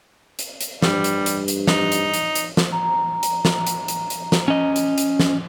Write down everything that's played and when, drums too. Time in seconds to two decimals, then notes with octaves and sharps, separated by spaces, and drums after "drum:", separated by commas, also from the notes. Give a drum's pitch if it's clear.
0.39 drum: hi-hat
0.61 drum: hi-hat
0.82 G2 G3, drum: snare
1.04 drum: hi-hat
1.26 drum: hi-hat
1.48 drum: hi-hat
1.67 D#4, drum: snare
1.92 drum: hi-hat
2.14 drum: hi-hat
2.35 drum: hi-hat
2.57 drum: snare
2.72 A#5
3.23 drum: hi-hat
3.45 drum: snare
3.67 drum: hi-hat
3.88 drum: hi-hat
4.10 drum: hi-hat
4.32 drum: snare
4.48 C#4 D#5
4.76 drum: hi-hat
4.98 drum: hi-hat
5.20 drum: snare